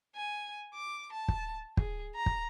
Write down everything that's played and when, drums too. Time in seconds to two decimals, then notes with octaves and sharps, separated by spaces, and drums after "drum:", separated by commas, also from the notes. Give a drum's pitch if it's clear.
0.16 G#5
0.74 D6
1.13 A5
1.28 drum: kick
1.77 G#4, drum: kick
2.15 A#5
2.26 drum: kick